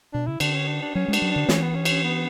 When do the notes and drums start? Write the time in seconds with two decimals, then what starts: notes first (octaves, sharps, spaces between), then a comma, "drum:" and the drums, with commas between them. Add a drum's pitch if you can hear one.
0.13 B2 D4
0.27 C#3 E4
0.40 D3 D4, drum: cymbal
0.54 C#4
0.67 D4
0.82 D4
0.95 F#3 C#4
1.08 G#3
1.13 D4, drum: cymbal
1.22 F#3
1.31 D4
1.36 D3
1.49 E3 C#4, drum: snare
1.62 B3
1.75 C#4
1.85 drum: cymbal
2.03 B3